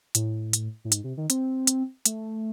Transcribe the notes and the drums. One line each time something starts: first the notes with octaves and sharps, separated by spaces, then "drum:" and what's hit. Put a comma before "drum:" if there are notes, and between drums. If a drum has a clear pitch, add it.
A2, drum: hi-hat
drum: hi-hat
A2
G#2, drum: hi-hat
C3
D#3
C4, drum: hi-hat
drum: hi-hat
A3, drum: hi-hat